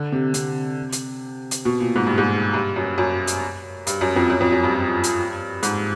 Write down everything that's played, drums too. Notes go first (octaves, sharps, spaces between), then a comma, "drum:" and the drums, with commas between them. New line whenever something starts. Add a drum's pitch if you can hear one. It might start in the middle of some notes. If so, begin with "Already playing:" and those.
Already playing: D3
C3
C3, drum: hi-hat
drum: hi-hat
drum: hi-hat
B2
A#2
G#2
G2
G#2
G2
F#2
F#2
drum: hi-hat
G2, drum: hi-hat
F#2
F2
F#2
F2
F#2
G2
drum: hi-hat
G#2, drum: hi-hat